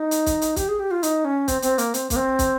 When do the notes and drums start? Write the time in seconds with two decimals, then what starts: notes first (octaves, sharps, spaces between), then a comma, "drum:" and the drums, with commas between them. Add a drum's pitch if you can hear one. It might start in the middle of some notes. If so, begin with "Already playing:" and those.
Already playing: D#4
0.11 drum: hi-hat
0.26 drum: kick, hi-hat
0.42 drum: hi-hat
0.56 G4, drum: kick, hi-hat
0.69 G#4
0.80 G4
0.91 F4
1.03 D#4, drum: hi-hat
1.25 C#4
1.48 C4, drum: kick, hi-hat
1.62 C4, drum: hi-hat
1.78 A#3, drum: hi-hat
1.94 C4, drum: hi-hat
2.10 A#3, drum: kick, hi-hat
2.16 C4
2.39 drum: kick, hi-hat